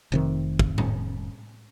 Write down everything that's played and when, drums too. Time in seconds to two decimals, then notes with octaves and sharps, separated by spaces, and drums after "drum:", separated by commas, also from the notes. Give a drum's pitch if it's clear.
0.12 F1 C3 D#3
0.59 drum: kick
0.78 drum: tom A2